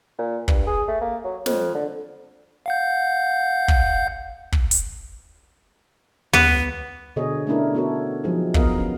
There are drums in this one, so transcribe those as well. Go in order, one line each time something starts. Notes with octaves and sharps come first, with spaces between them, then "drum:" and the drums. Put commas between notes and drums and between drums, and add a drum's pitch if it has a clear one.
A#2
G2, drum: kick
G#4
A3
A#3
F#3
F2, drum: snare
D3
F5 F#5 G6
drum: kick
drum: kick
drum: hi-hat
B3, drum: tom
B2 D3 G#4 C#5 D#5
A3 B3 C#4 D4 E4 A#4
B3 E4 F#4 A4 A#4 C#5
F3 F#3 G#3 C4 D#4 G#4
B3 A#4 D#5 F5, drum: kick
C#4